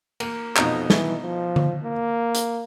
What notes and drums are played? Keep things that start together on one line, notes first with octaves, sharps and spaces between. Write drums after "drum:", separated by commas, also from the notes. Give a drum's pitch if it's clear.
A#3, drum: cymbal
F2 B2 D#4 A#5, drum: clap
E3, drum: snare
F3
drum: tom D3
A#3
drum: hi-hat